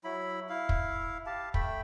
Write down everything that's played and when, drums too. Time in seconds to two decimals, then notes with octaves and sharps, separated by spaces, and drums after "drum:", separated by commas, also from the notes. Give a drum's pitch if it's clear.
0.04 F#3 E4 B5
0.49 E4 F5
0.69 drum: kick
1.26 G4 F5 A5
1.54 A3 E5 G5 B5, drum: kick